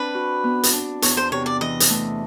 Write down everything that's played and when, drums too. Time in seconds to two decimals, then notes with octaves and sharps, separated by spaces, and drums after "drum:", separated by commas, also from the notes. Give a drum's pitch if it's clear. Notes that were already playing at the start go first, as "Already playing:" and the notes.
Already playing: C4 D4 B4
0.15 F#4
0.44 B3
0.63 drum: hi-hat
0.73 D4
1.02 E2 C#5, drum: hi-hat
1.17 C5
1.31 C3 C#5
1.46 D5
1.61 E3 D#5
1.80 drum: hi-hat
1.90 A3